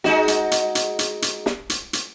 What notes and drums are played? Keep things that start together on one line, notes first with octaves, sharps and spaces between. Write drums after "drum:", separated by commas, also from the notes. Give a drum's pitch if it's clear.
G#3 D#4 F#4, drum: snare
drum: hi-hat
drum: hi-hat
drum: hi-hat
drum: hi-hat
drum: hi-hat
drum: snare
drum: hi-hat
drum: hi-hat